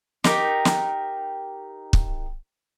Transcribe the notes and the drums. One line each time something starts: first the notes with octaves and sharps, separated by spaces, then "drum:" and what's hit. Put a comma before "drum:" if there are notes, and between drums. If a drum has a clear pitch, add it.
D#4 G4 A#4, drum: snare
drum: snare
drum: kick